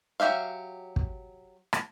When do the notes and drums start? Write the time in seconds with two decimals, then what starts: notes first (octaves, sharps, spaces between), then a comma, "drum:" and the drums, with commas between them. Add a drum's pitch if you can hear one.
0.20 F#3 F4 G4 E5 F5
0.96 drum: kick
1.73 drum: rim click